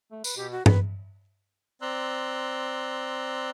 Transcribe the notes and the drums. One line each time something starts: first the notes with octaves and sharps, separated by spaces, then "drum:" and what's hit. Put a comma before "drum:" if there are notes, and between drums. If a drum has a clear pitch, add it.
A3
B4, drum: tambourine
B2 G4
F#4
D#3 B4, drum: tom G2
C4 D5 A#5 C6 E6 F#6